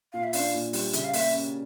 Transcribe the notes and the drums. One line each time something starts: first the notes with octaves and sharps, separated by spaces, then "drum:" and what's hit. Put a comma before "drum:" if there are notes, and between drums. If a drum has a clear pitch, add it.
A#2 F5
E5
D4 F5, drum: open hi-hat
A#2
G3, drum: open hi-hat
C#3 E5, drum: hi-hat
F5
A#3 E5, drum: open hi-hat
C#4